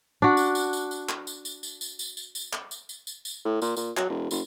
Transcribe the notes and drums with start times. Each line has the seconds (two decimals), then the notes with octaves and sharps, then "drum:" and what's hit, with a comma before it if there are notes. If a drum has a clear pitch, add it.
0.22 D4 F#4
0.37 drum: tambourine
0.55 drum: tambourine
0.73 drum: tambourine
0.91 drum: tambourine
1.09 drum: clap
1.27 drum: tambourine
1.45 drum: tambourine
1.63 drum: tambourine
1.81 drum: tambourine
1.99 drum: tambourine
2.17 drum: tambourine
2.35 drum: tambourine
2.53 drum: clap
2.71 drum: tambourine
2.89 drum: tambourine
3.07 drum: tambourine
3.25 drum: tambourine
3.45 A2
3.62 A#2, drum: tambourine
3.77 A#2, drum: tambourine
3.97 F#3, drum: clap
4.09 E1
4.31 F#1, drum: tambourine